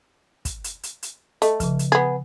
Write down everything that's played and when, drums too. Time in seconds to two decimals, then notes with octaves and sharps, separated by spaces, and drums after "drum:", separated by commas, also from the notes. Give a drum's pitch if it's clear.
0.45 drum: kick, hi-hat
0.64 drum: hi-hat
0.83 drum: hi-hat
1.03 drum: hi-hat
1.42 A3 D#5, drum: hi-hat
1.60 C#3 F3, drum: kick, hi-hat
1.79 drum: hi-hat
1.92 B3 G#4